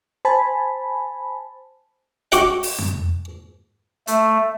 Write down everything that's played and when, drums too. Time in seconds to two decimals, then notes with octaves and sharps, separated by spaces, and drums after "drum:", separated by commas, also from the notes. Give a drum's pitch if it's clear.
0.25 C5 G#5 A5 B5
2.32 F#4 G4 F#5 G5, drum: hi-hat
2.63 drum: open hi-hat
2.78 drum: tom F2
4.07 A3 E5, drum: hi-hat